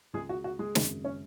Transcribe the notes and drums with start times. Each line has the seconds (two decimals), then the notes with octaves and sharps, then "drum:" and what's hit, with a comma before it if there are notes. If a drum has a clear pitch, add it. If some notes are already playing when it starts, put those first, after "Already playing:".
0.13 C#2 C#3 G#3 G#4
0.29 F#4
0.44 F#4
0.59 G#3 G#4
0.75 G#1 F#2 C#3, drum: snare
1.04 C#4 C#5